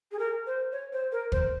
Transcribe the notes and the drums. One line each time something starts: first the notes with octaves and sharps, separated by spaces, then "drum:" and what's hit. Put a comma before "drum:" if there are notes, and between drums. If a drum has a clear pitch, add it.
G#4
A#4
C5
C#5
C5
A#4
C5, drum: kick